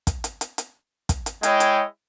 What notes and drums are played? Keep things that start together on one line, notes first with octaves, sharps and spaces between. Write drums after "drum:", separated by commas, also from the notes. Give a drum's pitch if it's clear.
drum: kick, hi-hat
drum: hi-hat
drum: hi-hat
drum: hi-hat
drum: kick, hi-hat
drum: hi-hat
G#3 E4 C#5 D#5 G5, drum: hi-hat
drum: hi-hat